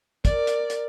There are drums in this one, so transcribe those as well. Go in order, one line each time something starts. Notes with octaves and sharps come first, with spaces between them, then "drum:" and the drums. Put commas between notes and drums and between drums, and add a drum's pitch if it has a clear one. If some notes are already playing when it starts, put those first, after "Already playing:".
A#4 D5, drum: kick, hi-hat
drum: hi-hat
drum: hi-hat